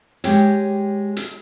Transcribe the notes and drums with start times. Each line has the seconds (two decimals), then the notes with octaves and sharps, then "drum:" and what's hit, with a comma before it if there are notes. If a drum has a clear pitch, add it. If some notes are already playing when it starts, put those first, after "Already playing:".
0.24 G#3 G4 C#5, drum: hi-hat
1.16 drum: hi-hat